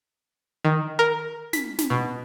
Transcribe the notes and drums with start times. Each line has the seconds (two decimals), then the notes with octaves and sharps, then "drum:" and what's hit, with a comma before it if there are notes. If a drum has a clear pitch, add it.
0.65 D#3
0.99 A#4
1.53 B6, drum: snare
1.79 drum: snare
1.90 B2